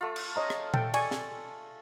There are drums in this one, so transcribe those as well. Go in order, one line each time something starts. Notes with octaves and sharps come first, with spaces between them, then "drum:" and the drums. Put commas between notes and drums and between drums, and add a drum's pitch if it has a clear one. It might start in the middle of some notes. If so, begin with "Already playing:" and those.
A3 F4
drum: cymbal
C#5 D#5 A#5
drum: rim click
A4 G5, drum: tom A#2
D5 G#5 C#6, drum: cymbal
drum: snare